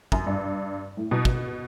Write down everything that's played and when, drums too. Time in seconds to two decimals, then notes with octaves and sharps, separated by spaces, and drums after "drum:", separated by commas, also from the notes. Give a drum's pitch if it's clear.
0.12 F#2, drum: kick
0.26 G2
0.97 A2
1.11 B2
1.25 B2, drum: kick